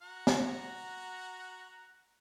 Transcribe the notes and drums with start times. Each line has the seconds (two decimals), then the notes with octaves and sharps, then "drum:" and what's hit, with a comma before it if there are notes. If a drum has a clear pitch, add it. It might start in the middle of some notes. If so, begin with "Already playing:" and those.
0.02 F#4 F#5 A#5
0.27 drum: snare